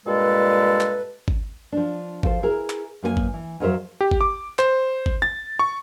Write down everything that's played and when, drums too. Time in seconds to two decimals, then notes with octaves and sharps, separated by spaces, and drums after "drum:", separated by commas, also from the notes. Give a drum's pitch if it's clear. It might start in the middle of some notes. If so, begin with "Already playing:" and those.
0.06 G2 A#2 G#3 A4 B4
0.80 drum: clap
1.28 drum: kick G#1
1.72 F3 D4
2.23 F3 A4 C5, drum: kick G#1
2.43 E4 G#4 A#4
2.70 drum: clap
3.03 F#2 A#3 A#4 G#5
3.17 drum: kick G#1
3.34 E3
3.60 F2 F#3 A#4 C5 E5
4.01 G4
4.11 drum: kick G#1
4.21 D6
4.59 C5, drum: clap
5.06 drum: kick G#1
5.22 A6
5.59 C#6